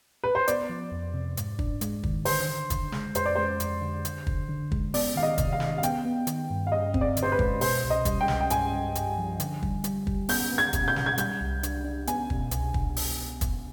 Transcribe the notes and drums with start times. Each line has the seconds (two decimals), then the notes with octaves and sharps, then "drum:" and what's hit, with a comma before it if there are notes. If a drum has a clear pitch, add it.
0.24 B4
0.35 C5
0.48 B3 D5, drum: hi-hat
0.70 F3
0.92 F2
1.14 C3
1.37 G#2, drum: hi-hat
1.59 D4, drum: kick
1.81 G#3, drum: hi-hat
2.03 D#3, drum: kick
2.25 D3 C5, drum: open hi-hat
2.49 D3
2.70 D3, drum: kick, hi-hat
2.92 G#3, drum: snare
3.15 F2 C5, drum: hi-hat
3.26 D5
3.36 G#3 C5
3.60 F2, drum: hi-hat
3.81 D3
4.05 D3, drum: hi-hat
4.27 D3, drum: kick
4.49 D3
4.72 G#3, drum: kick
4.94 B3 D5, drum: open hi-hat
5.16 D#3 F5
5.23 D#5
5.38 C3, drum: kick, hi-hat
5.52 F5
5.60 D#3, drum: snare
5.78 F5
5.83 B3 G5, drum: hi-hat
6.05 B3
6.27 D#3, drum: hi-hat
6.50 G2
6.67 F5
6.72 G2 D#5
6.94 C4, drum: kick
7.01 D5
7.17 D3, drum: hi-hat
7.23 C5
7.32 B4
7.39 G#3, drum: kick
7.61 B2 C5, drum: open hi-hat
7.84 C2
7.90 D#5
8.05 G3, drum: kick, hi-hat
8.21 G5
8.28 C2, drum: snare
8.41 G5
8.50 G2 G#5, drum: hi-hat
8.73 G2
8.95 G2, drum: hi-hat
9.18 F3
9.40 D3, drum: hi-hat
9.63 G3, drum: kick
9.84 G3, drum: hi-hat
10.07 G3, drum: kick
10.29 B3 G6, drum: open hi-hat
10.51 B3
10.58 G#6
10.73 B2, drum: kick, hi-hat
10.88 G6
10.96 B2, drum: snare
11.06 G#6
11.18 G3 G6, drum: hi-hat
11.41 C2
11.63 D4, drum: hi-hat
11.84 D4
12.07 B3 G#5, drum: hi-hat
12.30 B2, drum: kick
12.51 C2, drum: hi-hat
12.74 drum: kick
12.96 drum: open hi-hat
13.41 drum: kick, hi-hat